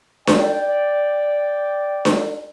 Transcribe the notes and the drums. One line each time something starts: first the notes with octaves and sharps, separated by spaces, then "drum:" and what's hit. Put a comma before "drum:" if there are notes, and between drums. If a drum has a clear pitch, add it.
D5 G5, drum: snare D4
drum: snare D4